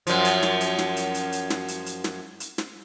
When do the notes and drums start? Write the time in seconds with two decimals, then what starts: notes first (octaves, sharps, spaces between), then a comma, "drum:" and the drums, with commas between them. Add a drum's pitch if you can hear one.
0.07 F#2 F3, drum: hi-hat
0.25 drum: hi-hat
0.43 drum: snare
0.61 drum: hi-hat
0.78 drum: snare
0.96 drum: hi-hat
1.14 drum: hi-hat
1.32 drum: hi-hat
1.50 drum: snare
1.68 drum: hi-hat
1.86 drum: hi-hat
2.04 drum: snare
2.40 drum: hi-hat
2.58 drum: snare